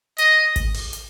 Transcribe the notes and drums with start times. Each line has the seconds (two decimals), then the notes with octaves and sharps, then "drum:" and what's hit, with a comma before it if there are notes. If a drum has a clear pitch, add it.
0.18 D#5, drum: hi-hat
0.56 drum: kick, hi-hat
0.74 drum: open hi-hat
0.93 drum: hi-hat